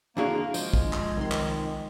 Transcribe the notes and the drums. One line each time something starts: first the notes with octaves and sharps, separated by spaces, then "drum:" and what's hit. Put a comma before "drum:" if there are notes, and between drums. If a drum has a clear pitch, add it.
F2 D3 A#3 D4 E4 F#4 G#4
F3 G#3, drum: tambourine
drum: kick
drum: clap
C2 D#3 C6
drum: clap